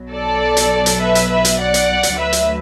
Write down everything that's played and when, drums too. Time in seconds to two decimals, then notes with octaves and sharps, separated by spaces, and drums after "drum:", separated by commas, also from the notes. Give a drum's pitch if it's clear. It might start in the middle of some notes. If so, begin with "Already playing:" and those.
Already playing: B1 B2 F#3
0.13 A4 D5
0.57 drum: hi-hat
0.86 drum: hi-hat
1.00 B4 E5
1.15 drum: hi-hat
1.30 B4 E5
1.45 drum: hi-hat
1.59 D5 F#5
1.74 drum: hi-hat
2.03 drum: hi-hat
2.17 D2 D3 F#3 B4 E5
2.33 drum: hi-hat